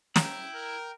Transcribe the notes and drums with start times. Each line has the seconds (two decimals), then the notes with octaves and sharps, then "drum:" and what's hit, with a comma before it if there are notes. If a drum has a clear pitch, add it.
0.16 E4 G5 A#5, drum: snare
0.53 A#4